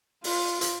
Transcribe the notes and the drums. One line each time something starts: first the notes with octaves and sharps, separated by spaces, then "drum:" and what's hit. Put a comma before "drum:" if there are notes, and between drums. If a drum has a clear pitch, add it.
F4, drum: open hi-hat
drum: hi-hat